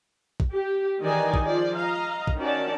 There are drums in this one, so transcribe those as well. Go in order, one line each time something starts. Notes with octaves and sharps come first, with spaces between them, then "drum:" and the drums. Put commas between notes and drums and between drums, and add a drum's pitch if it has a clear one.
drum: kick
G4
D#3 E3 G#4 D5 D#5 G#5
drum: kick
F3 G#4 D5
D#5 F5 A#5
drum: kick
D#3 C#4 F#4 D5 A5